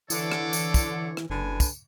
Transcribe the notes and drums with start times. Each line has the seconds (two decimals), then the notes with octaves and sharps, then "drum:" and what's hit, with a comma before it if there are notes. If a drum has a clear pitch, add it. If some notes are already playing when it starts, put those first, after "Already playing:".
0.10 D3 E3 A4 C#5 D6, drum: tambourine
0.32 drum: rim click
0.53 drum: tambourine
0.74 drum: kick, tambourine
1.17 drum: rim click
1.30 F#1 D3 B4 G#5
1.60 drum: kick, tambourine